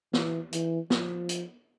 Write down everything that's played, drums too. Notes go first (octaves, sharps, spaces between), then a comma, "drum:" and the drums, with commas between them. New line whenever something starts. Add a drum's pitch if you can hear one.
E3, drum: snare
E3, drum: hi-hat
F3, drum: snare
drum: hi-hat